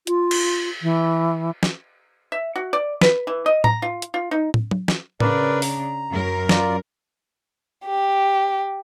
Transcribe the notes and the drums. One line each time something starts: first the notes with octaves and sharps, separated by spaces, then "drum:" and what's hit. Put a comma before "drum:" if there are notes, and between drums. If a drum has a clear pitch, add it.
F4, drum: hi-hat
drum: cymbal
E3
drum: snare
E5
F#4
D5
B4, drum: snare
E3
D#5
A#5, drum: tom A2
F4
drum: hi-hat
F4
D#4
drum: tom
drum: tom F#3
drum: snare
C#3 D4 A#4 B4 D5, drum: tom A2
A#5, drum: open hi-hat
F#2 A#4
F4 D5 A#5, drum: snare
G4